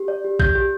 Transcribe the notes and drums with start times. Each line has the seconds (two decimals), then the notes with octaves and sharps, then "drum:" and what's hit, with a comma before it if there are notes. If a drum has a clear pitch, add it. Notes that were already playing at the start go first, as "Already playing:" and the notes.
Already playing: G4
0.08 D5
0.24 G4
0.40 G4 G6, drum: kick A#1
0.55 G4